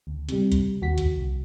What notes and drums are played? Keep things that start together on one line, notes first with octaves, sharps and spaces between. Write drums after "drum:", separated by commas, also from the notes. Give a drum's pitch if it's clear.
D2
C3 G3, drum: hi-hat
drum: kick C#2, hi-hat
D#2 F#4 B6
drum: kick C#2, hi-hat
C2